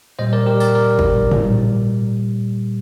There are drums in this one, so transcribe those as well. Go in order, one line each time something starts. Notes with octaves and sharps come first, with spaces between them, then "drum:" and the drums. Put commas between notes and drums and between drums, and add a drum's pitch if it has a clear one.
A#2 G3 C5 D#5
A#4 D5
G4 A#4
A#4 D5, drum: tambourine
A#4 D5
drum: kick
A#2 G3, drum: tom G#2